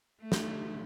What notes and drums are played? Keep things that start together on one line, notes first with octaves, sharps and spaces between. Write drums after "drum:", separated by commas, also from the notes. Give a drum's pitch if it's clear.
A3
drum: snare